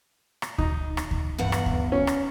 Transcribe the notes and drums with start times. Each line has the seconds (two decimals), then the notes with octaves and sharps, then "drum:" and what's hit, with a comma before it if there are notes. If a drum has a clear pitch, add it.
0.42 drum: rim click
0.58 D#4, drum: kick D2
0.97 drum: rim click
1.11 drum: kick D2
1.38 E2 G2 F#5
1.52 drum: rim click
1.66 drum: kick D2
1.92 C#4
2.07 drum: rim click